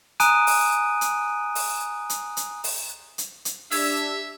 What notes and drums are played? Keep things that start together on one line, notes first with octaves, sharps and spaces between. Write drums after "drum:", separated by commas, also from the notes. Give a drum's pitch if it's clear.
G#5 A#5 D#6 F#6 D7 D#7, drum: hi-hat
drum: open hi-hat
drum: hi-hat
drum: open hi-hat
drum: hi-hat
drum: hi-hat
drum: open hi-hat
drum: hi-hat
drum: hi-hat
D4 G4 E5 E6 G#6, drum: open hi-hat